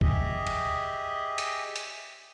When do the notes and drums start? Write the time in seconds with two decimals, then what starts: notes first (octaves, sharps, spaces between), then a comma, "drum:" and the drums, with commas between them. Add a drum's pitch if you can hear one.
0.01 G4 G#4 D#5 E5, drum: kick C2
0.47 drum: cymbal
1.38 drum: hi-hat
1.76 drum: hi-hat